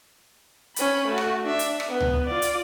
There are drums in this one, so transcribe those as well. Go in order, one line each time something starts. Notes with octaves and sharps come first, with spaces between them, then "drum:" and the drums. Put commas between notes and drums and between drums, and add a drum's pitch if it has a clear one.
C#4 B5, drum: hi-hat
A3 F#4
drum: rim click
D4 E5
drum: hi-hat
drum: rim click
B3
drum: tom C#2
F4 D5
drum: hi-hat